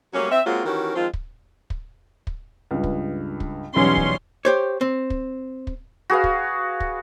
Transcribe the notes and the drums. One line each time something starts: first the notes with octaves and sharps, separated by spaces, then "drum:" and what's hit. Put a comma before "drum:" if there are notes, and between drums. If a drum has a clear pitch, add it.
F#3 G3 A3 A#3 C#4
C4 E5
G#3 A#3 C4 C#4 F4 F#4
D#3 E3 C#4 F#4 G4 A#4
D#3 F3 G#3 C4 F4
drum: kick
drum: kick
drum: kick
C#2 G2
drum: kick
drum: kick
B1 E2 G3 C#4 C6
drum: kick
G4 C5 C#5
C4
drum: kick
drum: kick
F#4 G#4 B4 F5
drum: kick
drum: kick